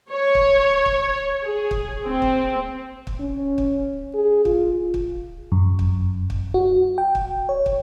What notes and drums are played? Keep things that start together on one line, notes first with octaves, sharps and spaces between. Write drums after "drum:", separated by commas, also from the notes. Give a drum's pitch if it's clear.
C#5
drum: kick
drum: kick
G#4
drum: kick
C4
drum: kick
drum: kick
C#4
drum: kick
G#4
F4, drum: kick
drum: kick
F#2
drum: kick
drum: kick
F#4
G5
drum: kick
C#5
drum: kick